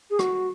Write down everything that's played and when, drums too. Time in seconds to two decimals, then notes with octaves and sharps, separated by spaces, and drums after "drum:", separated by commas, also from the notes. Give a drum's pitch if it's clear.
0.10 G#4
0.19 F#4, drum: rim click